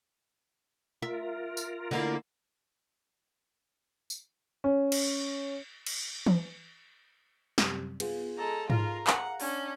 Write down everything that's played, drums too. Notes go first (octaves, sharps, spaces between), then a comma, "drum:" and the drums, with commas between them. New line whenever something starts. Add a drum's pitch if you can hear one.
F4 A#4 E5
drum: tambourine
D3 A#3 E4
drum: tambourine
C#4
drum: cymbal
drum: cymbal
drum: tom E3
F#2 C3 G3, drum: snare
B3 F4 G#4, drum: cymbal
G#3 A4 A#5
F4 A#4 F5 A#5, drum: tom G#2
F#5, drum: clap
C#4 D4, drum: open hi-hat